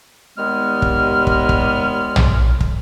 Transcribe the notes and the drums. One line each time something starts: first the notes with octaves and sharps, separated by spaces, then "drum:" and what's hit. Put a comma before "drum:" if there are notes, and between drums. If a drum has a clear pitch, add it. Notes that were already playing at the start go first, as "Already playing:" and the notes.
D#2 G3 G#3 B3 F6
drum: kick
drum: kick
drum: kick
drum: tom
drum: kick